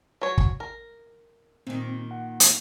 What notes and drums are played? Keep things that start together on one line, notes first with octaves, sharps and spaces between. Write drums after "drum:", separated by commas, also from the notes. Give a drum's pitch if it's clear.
F#3 C#5
drum: kick
A#4
A#2 D#3 C4
F#5
drum: hi-hat